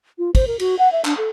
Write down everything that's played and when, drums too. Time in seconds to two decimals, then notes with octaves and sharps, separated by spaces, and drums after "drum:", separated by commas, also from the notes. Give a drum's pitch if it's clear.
0.18 F4
0.35 C5, drum: kick, cymbal
0.47 A#4
0.60 F#4, drum: cymbal
0.79 F#5
0.92 E5
1.05 D4, drum: clap
1.17 A4